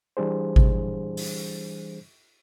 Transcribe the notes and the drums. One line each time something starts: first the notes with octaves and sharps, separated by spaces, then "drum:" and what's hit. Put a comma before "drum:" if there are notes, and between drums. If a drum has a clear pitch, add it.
E3 G3 D4 G#4 C5
drum: kick G#1
drum: open hi-hat